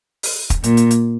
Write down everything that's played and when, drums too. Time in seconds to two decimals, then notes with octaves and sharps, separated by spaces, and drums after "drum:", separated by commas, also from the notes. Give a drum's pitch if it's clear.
0.23 drum: open hi-hat
0.50 drum: kick, hi-hat
0.64 A#2, drum: hi-hat
0.77 drum: hi-hat
0.91 drum: hi-hat